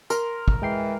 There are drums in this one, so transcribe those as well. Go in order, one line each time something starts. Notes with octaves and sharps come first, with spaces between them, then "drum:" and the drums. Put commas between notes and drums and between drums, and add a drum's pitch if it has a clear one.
A#4 C6, drum: tambourine
drum: kick
E3 G#3 G5 C7